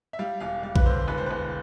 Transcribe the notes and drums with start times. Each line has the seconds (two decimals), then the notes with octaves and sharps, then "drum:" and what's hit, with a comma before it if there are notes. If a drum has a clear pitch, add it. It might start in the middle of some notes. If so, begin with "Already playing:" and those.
0.13 E5
0.19 G3 F5
0.40 E1 F5
0.63 G3 F5
0.76 B4, drum: kick A#1
0.85 D3 C5
1.08 E1 B4
1.18 C5
1.26 E1 B4